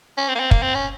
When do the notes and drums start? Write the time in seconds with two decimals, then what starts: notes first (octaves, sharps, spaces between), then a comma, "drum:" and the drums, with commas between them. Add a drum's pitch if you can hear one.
0.18 C#4
0.28 C4
0.35 A#3
0.40 C4
0.51 A#3, drum: kick
0.63 C4
0.75 C#4